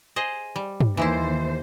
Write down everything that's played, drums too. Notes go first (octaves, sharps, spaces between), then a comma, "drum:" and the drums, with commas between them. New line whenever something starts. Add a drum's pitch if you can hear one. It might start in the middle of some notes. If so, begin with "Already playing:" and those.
G#4 C5 D#5
G3
drum: tom
D#2 E3 D#4 E4 C5